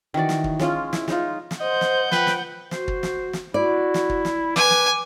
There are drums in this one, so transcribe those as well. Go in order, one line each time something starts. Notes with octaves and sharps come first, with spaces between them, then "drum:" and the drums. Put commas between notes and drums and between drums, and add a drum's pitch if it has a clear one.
D#3 E3 F#4 D5
drum: snare
drum: kick
G#3 C#4 F4, drum: snare
E4, drum: snare
G#3 D#4 F4, drum: snare
drum: snare
C5 D#5 F#5 G6
drum: snare
F3 B4 G5, drum: snare
drum: snare
F#4 C5, drum: snare
drum: kick
drum: snare
drum: snare
E4 F#4 D5
drum: snare
drum: kick
drum: snare
B4 G#5 D6, drum: snare
drum: snare